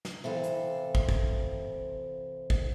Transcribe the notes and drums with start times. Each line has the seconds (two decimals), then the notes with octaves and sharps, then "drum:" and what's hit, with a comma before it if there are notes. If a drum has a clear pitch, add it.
0.05 drum: snare
0.24 C3 E3 A4 F5
0.44 drum: hi-hat
0.95 drum: kick
1.09 drum: kick
2.50 drum: kick